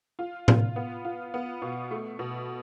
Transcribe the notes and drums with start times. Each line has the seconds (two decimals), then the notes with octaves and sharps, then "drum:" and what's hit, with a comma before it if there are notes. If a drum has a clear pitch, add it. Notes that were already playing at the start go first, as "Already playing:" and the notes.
0.19 F4
0.48 F4, drum: tom A2
0.76 B3
1.05 F4
1.34 B3
1.62 B2
1.91 A3
2.19 B2